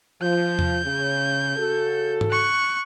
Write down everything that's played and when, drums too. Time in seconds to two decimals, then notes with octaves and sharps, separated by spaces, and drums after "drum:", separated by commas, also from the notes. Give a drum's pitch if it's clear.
0.22 F3 G6
0.59 drum: tom E2
0.84 C#3
1.57 C#3 F#4 A4
2.21 drum: tom G#2
2.30 C#6 F#6